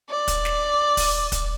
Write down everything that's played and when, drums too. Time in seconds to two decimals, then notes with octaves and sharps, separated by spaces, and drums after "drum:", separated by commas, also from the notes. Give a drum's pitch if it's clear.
0.10 D5
0.28 drum: kick, hi-hat
0.45 drum: snare
0.97 drum: kick, open hi-hat
1.32 drum: kick, hi-hat